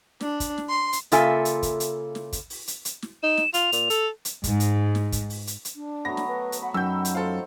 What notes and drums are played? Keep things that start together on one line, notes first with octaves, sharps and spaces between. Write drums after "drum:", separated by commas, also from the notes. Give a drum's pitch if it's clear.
D4, drum: snare
drum: kick, hi-hat
drum: snare
C6
drum: hi-hat
C#3 A#3 F4 A4 E5 G#5, drum: hi-hat
drum: hi-hat
drum: kick, hi-hat
drum: hi-hat
drum: snare
drum: kick, hi-hat
drum: open hi-hat
drum: hi-hat
drum: hi-hat
drum: snare
D#4 E7
drum: snare
F4 F7, drum: hi-hat
A#2, drum: hi-hat
A4, drum: hi-hat
drum: hi-hat
G#2, drum: kick, hi-hat
drum: hi-hat
drum: snare
drum: kick, hi-hat
drum: open hi-hat
drum: hi-hat
drum: hi-hat
D4
F#3 A3 B3 A#6
drum: snare
B4
drum: hi-hat
F#5 B5
F#2 D#3 E6 G6
drum: hi-hat
F4 A4 C5